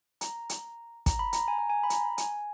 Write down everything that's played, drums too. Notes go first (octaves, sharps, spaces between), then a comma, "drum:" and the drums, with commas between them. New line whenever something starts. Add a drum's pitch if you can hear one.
A#5, drum: hi-hat
drum: hi-hat
A#5, drum: kick, hi-hat
B5
A#5, drum: hi-hat
G#5
A#5
G#5
B5
A#5, drum: hi-hat
G#5, drum: hi-hat